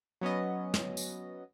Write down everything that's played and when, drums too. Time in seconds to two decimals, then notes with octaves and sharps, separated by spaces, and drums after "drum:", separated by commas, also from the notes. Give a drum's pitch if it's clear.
0.21 F#3 B3 C#4 D#5
0.74 drum: snare
0.97 drum: tambourine